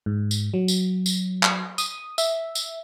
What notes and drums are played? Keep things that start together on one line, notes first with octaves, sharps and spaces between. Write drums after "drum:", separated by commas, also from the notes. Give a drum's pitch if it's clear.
G#2
drum: tambourine
F#3
drum: tambourine
drum: tambourine
drum: clap
D#6, drum: tambourine
E5, drum: tambourine
drum: tambourine